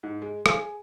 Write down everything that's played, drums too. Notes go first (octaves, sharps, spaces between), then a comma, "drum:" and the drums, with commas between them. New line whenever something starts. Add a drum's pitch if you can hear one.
G#2
G#3
G#4, drum: rim click